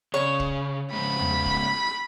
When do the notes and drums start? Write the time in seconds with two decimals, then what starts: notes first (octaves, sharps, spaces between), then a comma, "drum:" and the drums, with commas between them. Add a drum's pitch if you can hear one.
0.14 C#3 C#5
0.40 drum: kick
0.93 G#2 C#3 B5
1.19 drum: tom E2
1.46 drum: kick